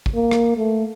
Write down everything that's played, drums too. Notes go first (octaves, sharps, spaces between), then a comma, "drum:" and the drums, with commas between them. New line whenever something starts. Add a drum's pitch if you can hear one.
drum: kick
A#3
drum: rim click
A3